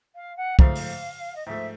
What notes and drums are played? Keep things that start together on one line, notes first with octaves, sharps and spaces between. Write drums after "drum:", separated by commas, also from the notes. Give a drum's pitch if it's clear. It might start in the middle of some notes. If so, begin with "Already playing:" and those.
F5
F#5
G#2 F3 A3 F5, drum: kick
drum: open hi-hat
D#5
G#2 F3 A3 E5